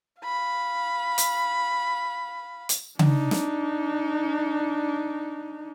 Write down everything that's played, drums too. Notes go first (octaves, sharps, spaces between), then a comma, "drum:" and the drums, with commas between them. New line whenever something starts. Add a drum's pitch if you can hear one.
F5 B5
drum: hi-hat
drum: hi-hat
D4 D#4, drum: tom C#3
drum: snare